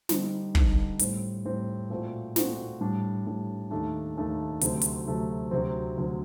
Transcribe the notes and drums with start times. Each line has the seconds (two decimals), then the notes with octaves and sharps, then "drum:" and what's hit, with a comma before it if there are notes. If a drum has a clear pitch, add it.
0.09 D3 G3 C4 D#4, drum: snare
0.55 D3 G3 C4 D#4, drum: kick
0.99 A2 G3 C4, drum: hi-hat
1.45 A2 G3 C4
1.90 A#2 A3 C4 F#4
2.36 A#2 A3 C4 F#4, drum: snare
2.80 A2 G3 D4
3.26 A2 G3 D4
3.70 D#2 D#3 A3 D4
4.17 D#2 D#3 A3 D4
4.61 D2 C3 F#3 A3 C4, drum: hi-hat
4.81 drum: hi-hat
5.06 D2 C3 F#3 A3 C4
5.51 D2 C3 F#3 C4
5.97 D2 C3 F#3 C4